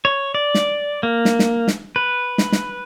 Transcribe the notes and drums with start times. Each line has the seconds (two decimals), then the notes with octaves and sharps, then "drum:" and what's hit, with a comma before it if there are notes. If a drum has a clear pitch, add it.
0.05 C#5
0.35 D5
0.54 drum: snare
1.03 A#3
1.25 drum: snare
1.39 drum: snare
1.68 drum: snare
1.96 B4
2.38 drum: snare
2.52 drum: snare